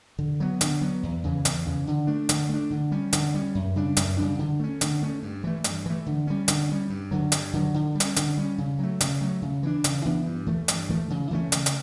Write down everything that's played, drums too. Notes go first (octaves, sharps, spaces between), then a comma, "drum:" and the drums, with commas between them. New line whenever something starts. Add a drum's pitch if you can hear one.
D3
F#3 B3
D3, drum: hi-hat
F#3 B3
E2
C#3 E3
E2, drum: hi-hat
C#3 E3
D3
A3 D4
D3, drum: hi-hat
A3 D4
D3
G3 C#4
D3, drum: hi-hat
G3 C#4
F#2
C#3 G3 D4
F#2, drum: hi-hat
C#3 G3 D4
D3
A3 C#4
D3, drum: hi-hat
A3 C#4
G2
E3 A3
G2, drum: hi-hat
E3 A3
D3
G3 C#4
D3, drum: hi-hat
G3 C#4
G2
D3 F#3
G2, drum: hi-hat
D3 F#3
D3
G3
C#4, drum: hi-hat
D3, drum: hi-hat
G3 C#4
C#3
F#3 A3
C#3, drum: hi-hat
F#3 A3
C#3
E3 B3 D4
C#3, drum: hi-hat
E3 B3 D4
G2
E3 A3
G2, drum: hi-hat
E3 A3
C#3
E3 A3 C#4
C#3, drum: hi-hat
drum: hi-hat